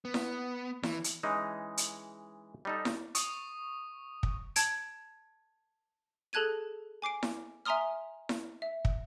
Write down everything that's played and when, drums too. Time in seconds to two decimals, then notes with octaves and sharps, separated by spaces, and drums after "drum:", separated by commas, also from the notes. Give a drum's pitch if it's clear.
0.05 B3
0.14 drum: snare E4
0.83 E3, drum: snare E4
1.04 drum: hi-hat
1.23 E3 G#3 C#4 D#4
1.77 drum: hi-hat
2.65 G3 D#4 A4
2.85 drum: snare E4
3.15 C#6 D#6, drum: hi-hat
4.23 drum: kick
4.56 A5 G#6 D7, drum: hi-hat
6.33 G#4 A4 A5 F#6 G#6 D#7
7.02 G#5 D6 C7 D7
7.23 drum: snare E4
7.66 E5 G#5 A#5 C6 D#6 F6
8.29 drum: snare E4
8.62 E5
8.85 drum: kick